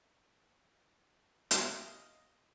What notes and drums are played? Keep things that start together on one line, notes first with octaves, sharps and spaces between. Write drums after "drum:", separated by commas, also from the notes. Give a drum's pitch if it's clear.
D#5 F5, drum: hi-hat